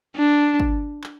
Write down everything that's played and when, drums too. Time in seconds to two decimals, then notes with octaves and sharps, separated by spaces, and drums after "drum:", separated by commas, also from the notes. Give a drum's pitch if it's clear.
0.16 D4
0.60 drum: kick
1.04 drum: clap